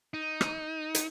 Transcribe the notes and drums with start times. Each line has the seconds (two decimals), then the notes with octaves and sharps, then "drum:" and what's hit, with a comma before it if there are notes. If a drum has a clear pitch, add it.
0.14 D#4
0.41 drum: rim click
0.95 drum: hi-hat